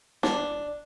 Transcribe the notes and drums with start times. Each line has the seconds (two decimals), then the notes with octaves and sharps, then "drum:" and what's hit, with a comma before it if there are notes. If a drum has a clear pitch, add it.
0.23 D4, drum: snare